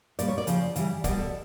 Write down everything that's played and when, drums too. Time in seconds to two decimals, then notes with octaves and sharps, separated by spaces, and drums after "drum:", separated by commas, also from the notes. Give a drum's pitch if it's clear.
0.19 A#2 G3 D5, drum: hi-hat
0.28 C#5
0.38 D5
0.47 C#3 F3, drum: hi-hat
0.76 C#3 E3 G3, drum: hi-hat
1.04 B2 G3 D5, drum: kick, hi-hat
1.18 A4